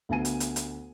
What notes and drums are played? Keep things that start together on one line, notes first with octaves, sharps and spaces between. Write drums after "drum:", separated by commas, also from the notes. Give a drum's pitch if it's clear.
D2 B3 F5 G#5 D#7
drum: hi-hat
drum: hi-hat
drum: hi-hat